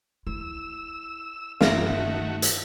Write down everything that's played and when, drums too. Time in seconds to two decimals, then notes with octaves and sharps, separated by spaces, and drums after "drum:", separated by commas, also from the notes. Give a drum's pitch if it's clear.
0.27 E4 E6
1.61 G2 A#3 D#4 F4 E5 A#6, drum: snare
1.85 D#3 A3 F#4
2.42 drum: hi-hat